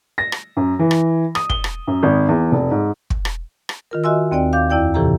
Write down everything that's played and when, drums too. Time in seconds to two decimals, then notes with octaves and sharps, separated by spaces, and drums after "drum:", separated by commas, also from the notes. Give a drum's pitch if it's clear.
0.18 A#6
0.32 drum: rim click
0.57 F#2
0.79 E3
0.91 drum: rim click
1.35 D#6, drum: rim click
1.50 G7, drum: kick
1.64 drum: rim click
1.87 F#2
2.03 G#1
2.28 E2
2.52 F1
2.71 G#2
3.10 drum: kick
3.25 drum: rim click
3.69 drum: rim click
3.91 D#3 F4 A#4
4.04 F#4 D#5 E5 G#5 C6 E6
4.31 D#2 C4 D5 G5
4.53 F5 D6 G6
4.70 F2 E4 D5 G5 G6
4.94 A2 C3 E3 G4 A4 A#5